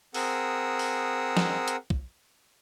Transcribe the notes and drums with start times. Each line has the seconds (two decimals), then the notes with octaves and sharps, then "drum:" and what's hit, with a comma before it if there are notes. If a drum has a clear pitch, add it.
0.14 C4 G#4 A#4 F#5 D#6 E6, drum: open hi-hat
0.79 drum: open hi-hat
1.37 drum: snare
1.68 drum: hi-hat
1.90 drum: kick